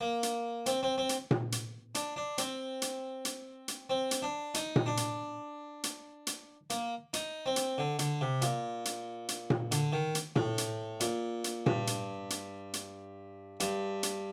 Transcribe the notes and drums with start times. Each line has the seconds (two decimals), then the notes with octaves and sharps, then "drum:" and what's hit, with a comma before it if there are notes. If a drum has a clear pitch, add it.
0.01 A#3
0.23 drum: hi-hat
0.66 C4, drum: hi-hat
0.83 C4
0.98 C4
1.09 drum: hi-hat
1.31 drum: tom A#2
1.52 drum: hi-hat
1.95 D4, drum: hi-hat
2.16 D4
2.38 C4, drum: hi-hat
2.82 drum: hi-hat
3.25 drum: hi-hat
3.68 drum: hi-hat
3.90 C4
4.11 drum: hi-hat
4.22 D4
4.54 D#4, drum: hi-hat
4.76 drum: tom A#2
4.86 D4
4.97 drum: hi-hat
5.84 drum: hi-hat
6.27 drum: hi-hat
6.70 A#3, drum: hi-hat
7.13 D#4, drum: hi-hat
7.46 C4
7.56 drum: hi-hat
7.78 D3
7.99 D3, drum: hi-hat
8.21 C3
8.42 A#2, drum: hi-hat
8.85 drum: hi-hat
9.29 drum: hi-hat
9.50 drum: tom A#2
9.72 D3, drum: hi-hat
9.93 D#3
10.15 drum: hi-hat
10.36 A2, drum: tom A#2
10.58 drum: hi-hat
11.00 A#2, drum: hi-hat
11.44 drum: hi-hat
11.66 G2, drum: tom A#2
11.87 drum: hi-hat
12.30 drum: hi-hat
12.74 drum: hi-hat
13.60 G2, drum: hi-hat
14.03 drum: hi-hat